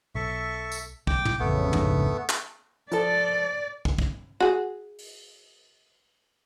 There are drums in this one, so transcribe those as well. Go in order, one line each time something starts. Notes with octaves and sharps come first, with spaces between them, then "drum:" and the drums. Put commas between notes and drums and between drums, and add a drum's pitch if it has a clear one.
B1 A4 E5 C#6
drum: tambourine
B1 G5 D6, drum: kick
drum: tom
A1 F2 C#3 A3 B3
D2 G#2, drum: tom
drum: clap
F3 A4 D5, drum: hi-hat
drum: kick
drum: kick
F#4 G#4
drum: open hi-hat